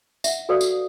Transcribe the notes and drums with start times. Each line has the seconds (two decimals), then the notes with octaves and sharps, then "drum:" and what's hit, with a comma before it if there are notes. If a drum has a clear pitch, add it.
0.24 E5 F#5, drum: tambourine
0.49 F#4 A4 B4 D5 F5 D#6
0.61 drum: tambourine